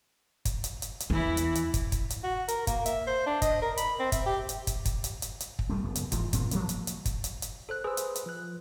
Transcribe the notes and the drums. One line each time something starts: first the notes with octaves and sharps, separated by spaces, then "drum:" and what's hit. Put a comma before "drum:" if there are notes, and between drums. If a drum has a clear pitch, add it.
drum: kick, hi-hat
drum: hi-hat
drum: hi-hat
drum: hi-hat
E2 E3 E4
drum: hi-hat
drum: hi-hat
drum: kick, hi-hat
drum: kick, hi-hat
drum: hi-hat
F#4
A#4, drum: hi-hat
A#3, drum: kick, hi-hat
E5, drum: hi-hat
C5
D4
D#5, drum: kick, hi-hat
A#4
B5, drum: hi-hat
C4
E5, drum: kick, hi-hat
G4
drum: hi-hat
drum: kick, hi-hat
drum: kick, hi-hat
drum: hi-hat
drum: hi-hat
drum: hi-hat
drum: kick
B2 G3 A3 B3
F#1 B3
drum: hi-hat
G#2 E3 F3, drum: kick, hi-hat
F1 A#2 C4, drum: kick, hi-hat
F3 A#3 B3, drum: hi-hat
drum: hi-hat
drum: hi-hat
drum: kick, hi-hat
drum: hi-hat
drum: hi-hat
A4 C5 F#6
G#4 B4 C5 G#5 E6
drum: hi-hat
drum: hi-hat
F3 F#6